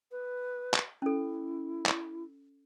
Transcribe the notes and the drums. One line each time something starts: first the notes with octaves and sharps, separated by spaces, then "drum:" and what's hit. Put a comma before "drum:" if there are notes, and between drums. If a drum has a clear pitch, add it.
B4
drum: clap
C#4 E4 A4
drum: clap